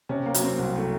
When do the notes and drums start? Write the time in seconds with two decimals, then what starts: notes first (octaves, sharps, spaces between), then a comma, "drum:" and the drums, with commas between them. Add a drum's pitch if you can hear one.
0.09 C3 C#4
0.26 A#3
0.34 F#3, drum: hi-hat
0.43 C4
0.58 C2
0.76 A3